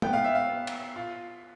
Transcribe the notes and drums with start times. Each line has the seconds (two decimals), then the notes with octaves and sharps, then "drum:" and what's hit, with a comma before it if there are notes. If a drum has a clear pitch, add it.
0.02 B3 G5, drum: tom
0.13 F5
0.24 E5
0.35 F5
0.49 B3
0.67 drum: cymbal
0.96 F4